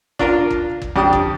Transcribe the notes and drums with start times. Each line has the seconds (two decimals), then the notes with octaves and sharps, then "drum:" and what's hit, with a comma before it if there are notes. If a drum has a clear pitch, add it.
0.19 D4 F4 A#4 A#5, drum: kick
0.50 drum: kick
0.82 drum: kick
0.96 F2 D4 G4 D#6, drum: tom B1
1.13 drum: kick